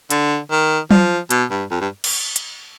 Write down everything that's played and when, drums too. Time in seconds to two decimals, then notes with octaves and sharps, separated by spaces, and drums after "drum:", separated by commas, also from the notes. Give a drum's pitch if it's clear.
0.10 D3, drum: hi-hat
0.51 D#3
0.91 F3, drum: tom F#3
1.31 B2, drum: hi-hat
1.50 G2
1.71 F2
1.81 G2
2.04 drum: cymbal
2.36 drum: hi-hat